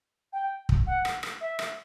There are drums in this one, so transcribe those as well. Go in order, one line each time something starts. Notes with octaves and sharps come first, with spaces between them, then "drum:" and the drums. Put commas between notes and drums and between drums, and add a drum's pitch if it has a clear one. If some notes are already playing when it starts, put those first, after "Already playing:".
G5
drum: kick
F#5
drum: rim click
drum: rim click
E5
drum: rim click